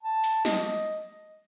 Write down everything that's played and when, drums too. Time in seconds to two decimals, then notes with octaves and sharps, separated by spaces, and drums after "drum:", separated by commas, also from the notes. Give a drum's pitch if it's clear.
0.03 A5
0.24 drum: hi-hat
0.45 D#5, drum: snare